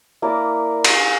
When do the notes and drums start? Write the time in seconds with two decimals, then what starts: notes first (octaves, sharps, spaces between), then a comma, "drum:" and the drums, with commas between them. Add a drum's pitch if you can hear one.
0.22 A#3 E4 A#4 D5
0.84 drum: cymbal